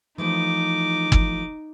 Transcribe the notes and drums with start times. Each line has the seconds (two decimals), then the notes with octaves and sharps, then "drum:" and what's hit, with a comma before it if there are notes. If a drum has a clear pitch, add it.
0.18 E3 F3 A3 D#4 D6
1.12 drum: kick